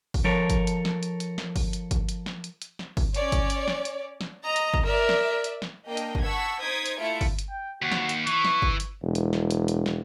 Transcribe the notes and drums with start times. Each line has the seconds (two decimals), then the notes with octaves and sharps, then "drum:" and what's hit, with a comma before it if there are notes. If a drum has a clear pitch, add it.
0.14 drum: kick G1, open hi-hat
0.24 F3 A4 A#4 C#5
0.50 drum: kick G1, hi-hat
0.67 drum: hi-hat
0.85 drum: snare
1.03 drum: hi-hat
1.20 drum: hi-hat
1.38 drum: snare
1.56 drum: kick G1, open hi-hat
1.73 drum: hi-hat
1.91 drum: kick G1, hi-hat
2.09 drum: hi-hat
2.26 drum: snare
2.44 drum: hi-hat
2.62 drum: hi-hat
2.79 drum: snare
2.97 drum: kick G1, open hi-hat
3.14 C#4 C#5 D5, drum: hi-hat
3.32 drum: kick G1, hi-hat
3.50 drum: hi-hat
3.68 drum: snare
3.85 drum: hi-hat
4.21 drum: snare
4.45 D#5 A#5
4.56 drum: hi-hat
4.74 drum: kick G1
4.86 A#4 D5 E5
5.09 drum: snare
5.44 drum: hi-hat
5.62 drum: snare
5.87 A#3 D4 A#4 D#5 G5
5.97 drum: hi-hat
6.15 drum: kick G1
6.24 F#5 A5 C#6 E6 G#6 B6
6.59 D#4 C5 D#6 G#6 B6 D7
6.86 drum: hi-hat
6.97 A3 E4 F4 E5 C#7 D7
7.21 drum: kick G1, open hi-hat
7.39 drum: hi-hat
7.50 G5
7.82 D#2 F#4
7.92 drum: snare
8.09 drum: hi-hat
8.27 E3 C#6, drum: hi-hat
8.45 drum: snare
8.62 drum: kick G1
8.80 drum: hi-hat
9.03 E1
9.15 drum: hi-hat
9.33 drum: snare
9.51 drum: hi-hat
9.68 drum: hi-hat
9.86 drum: snare